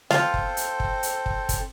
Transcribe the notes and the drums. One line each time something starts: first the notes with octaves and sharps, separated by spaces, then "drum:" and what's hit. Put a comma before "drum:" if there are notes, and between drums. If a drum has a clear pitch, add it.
C4 F4 A4 C5, drum: snare
drum: kick
drum: hi-hat
drum: kick
drum: hi-hat
drum: kick
drum: kick, hi-hat